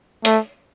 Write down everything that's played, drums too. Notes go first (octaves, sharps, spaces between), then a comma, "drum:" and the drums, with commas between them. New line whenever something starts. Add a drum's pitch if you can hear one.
A3, drum: hi-hat